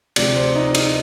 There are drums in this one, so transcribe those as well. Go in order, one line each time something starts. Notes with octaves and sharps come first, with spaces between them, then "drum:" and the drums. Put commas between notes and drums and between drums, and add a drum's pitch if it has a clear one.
D2 C3 F3 D5, drum: cymbal
C5
D#4
D#4, drum: cymbal